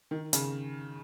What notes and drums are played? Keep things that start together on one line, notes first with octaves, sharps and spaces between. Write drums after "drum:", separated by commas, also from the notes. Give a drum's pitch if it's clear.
D#3
C#3, drum: hi-hat